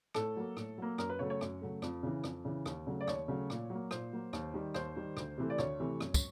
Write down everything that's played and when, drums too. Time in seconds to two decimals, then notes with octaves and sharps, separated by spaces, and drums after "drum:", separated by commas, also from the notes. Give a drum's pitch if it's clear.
0.14 A2 A4, drum: rim click
0.37 F#3 A#3
0.57 A2, drum: rim click
0.78 F#3 A#3
0.98 F#2 A#4, drum: rim click
1.10 B4
1.19 C#3 F#3 A3 C#5
1.30 C#5
1.41 F#2, drum: rim click
1.62 C#3 F#3 A3
1.82 F2, drum: rim click
2.03 C#3 E3
2.24 F2, drum: rim click
2.45 C#3 E3
2.66 D#2, drum: rim click
2.87 C#3 F#3 A3
3.01 D5
3.08 D#2 C#5, drum: rim click
3.28 C#3 F#3 A3
3.50 A#2, drum: rim click
3.70 F#3 A#3
3.91 A#2 C5, drum: rim click
4.13 F#3 A#3
4.33 D#2, drum: rim click
4.54 D#3 G3
4.74 D#2 C5, drum: rim click
4.96 D#3 G3
5.17 D2, drum: rim click
5.38 C3 E3 A3
5.50 D5
5.58 D2 C#5, drum: rim click
5.80 C3 E3 A3
6.01 F#2, drum: rim click
6.14 drum: kick, tambourine